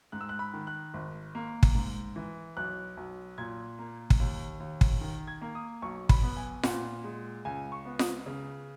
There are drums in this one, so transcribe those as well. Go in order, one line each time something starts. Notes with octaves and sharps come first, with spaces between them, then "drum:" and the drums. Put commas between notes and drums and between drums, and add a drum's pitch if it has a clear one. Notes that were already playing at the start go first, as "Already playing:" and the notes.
G#2 F#6
E6
F#6
B5
D#3
F#6
G#1
A#3
drum: kick
G#2
E3
B1 F#6
B1
A#2 G#6
A#3
drum: kick
D#2
D#2
drum: kick
D#3
G#6
A#3
D#6
B1 C#6
B5, drum: kick
B3
G#5
A#2 F#5, drum: snare F4
G#3
C#2 G#5
C#6
B3
D#6, drum: snare F4
C#3